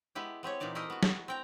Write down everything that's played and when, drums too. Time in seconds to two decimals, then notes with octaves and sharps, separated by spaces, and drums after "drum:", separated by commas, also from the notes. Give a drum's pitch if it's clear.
0.15 G#3 B3 E4 G4
0.43 B3 C4 G4 C#5
0.60 A#2 E3 D#4 D5 A5
0.75 A3 E4 A#4 C5 D#5
0.90 B3 F#4
1.03 drum: snare
1.28 C4 G5 A#5